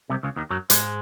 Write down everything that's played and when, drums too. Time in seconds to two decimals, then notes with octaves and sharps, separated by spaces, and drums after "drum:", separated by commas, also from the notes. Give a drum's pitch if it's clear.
0.10 C2 C3
0.23 C#2 C#3
0.36 D#2 D#3
0.50 F#2 F#3
0.70 G#2 G#3, drum: hi-hat